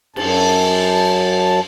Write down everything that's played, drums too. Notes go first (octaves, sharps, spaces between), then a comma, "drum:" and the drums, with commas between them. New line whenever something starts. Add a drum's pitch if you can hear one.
F#2 A5, drum: cymbal